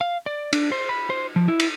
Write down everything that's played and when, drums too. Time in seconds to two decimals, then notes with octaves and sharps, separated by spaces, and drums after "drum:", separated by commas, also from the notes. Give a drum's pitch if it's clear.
0.01 F5
0.26 D5
0.53 D4, drum: cymbal
0.72 C5
0.89 B5
1.10 C5
1.36 F3
1.48 E4
1.60 drum: cymbal